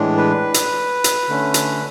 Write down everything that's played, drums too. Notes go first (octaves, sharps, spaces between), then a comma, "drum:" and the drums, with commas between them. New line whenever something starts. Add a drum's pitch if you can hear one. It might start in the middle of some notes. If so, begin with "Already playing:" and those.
Already playing: A2 E3 G#3 D4
B4
drum: hi-hat
drum: hi-hat
D3 A3 C#4
drum: hi-hat